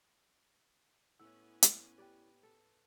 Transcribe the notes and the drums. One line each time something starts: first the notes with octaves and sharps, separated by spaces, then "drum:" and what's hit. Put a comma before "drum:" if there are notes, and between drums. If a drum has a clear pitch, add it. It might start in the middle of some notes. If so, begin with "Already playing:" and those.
A2 B3 C#4 E4 F#5 G#5 E6
drum: hi-hat
G4 B4 D5 G5
A4